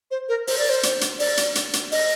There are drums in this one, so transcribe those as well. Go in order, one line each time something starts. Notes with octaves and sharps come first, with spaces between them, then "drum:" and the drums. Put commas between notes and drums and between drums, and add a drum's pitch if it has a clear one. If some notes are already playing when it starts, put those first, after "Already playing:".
C5
A#4
C5, drum: open hi-hat
D5
C5
drum: hi-hat
drum: hi-hat
D5, drum: open hi-hat
drum: hi-hat
drum: hi-hat
drum: hi-hat
D#5, drum: open hi-hat